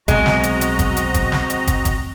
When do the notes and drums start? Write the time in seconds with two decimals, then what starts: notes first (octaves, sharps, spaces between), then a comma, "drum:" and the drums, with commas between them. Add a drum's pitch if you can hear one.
0.08 B1 G#3 C4 F#4 D#5 A#5, drum: kick, hi-hat
0.26 drum: snare
0.43 drum: hi-hat
0.61 drum: hi-hat
0.79 drum: kick, hi-hat
0.97 drum: hi-hat
1.14 drum: kick, hi-hat
1.32 drum: snare
1.50 drum: hi-hat
1.67 drum: kick, hi-hat
1.85 drum: kick, hi-hat